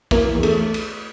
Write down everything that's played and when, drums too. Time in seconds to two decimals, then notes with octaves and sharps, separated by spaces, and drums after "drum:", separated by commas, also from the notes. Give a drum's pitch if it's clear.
0.11 E3 A#3, drum: kick, cymbal
0.35 E2
0.43 A3, drum: cymbal
0.74 drum: cymbal